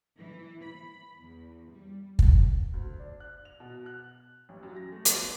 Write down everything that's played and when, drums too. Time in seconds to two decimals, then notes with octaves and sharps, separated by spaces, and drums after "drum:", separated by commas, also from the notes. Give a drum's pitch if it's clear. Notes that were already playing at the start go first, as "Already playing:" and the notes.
0.18 E3
0.64 B5
1.19 E2
1.72 G3
2.19 drum: kick
2.73 D2
3.00 D4
3.20 F#6
3.45 F7
3.60 B2
3.86 F#6
4.49 A1
4.63 F#2
4.76 A#6
4.92 A3
5.05 B3, drum: hi-hat